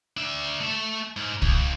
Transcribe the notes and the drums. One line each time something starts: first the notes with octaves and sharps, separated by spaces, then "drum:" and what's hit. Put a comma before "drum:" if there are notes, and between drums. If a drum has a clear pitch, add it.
D4 E5
A3 E5
G#2
C#2, drum: kick C2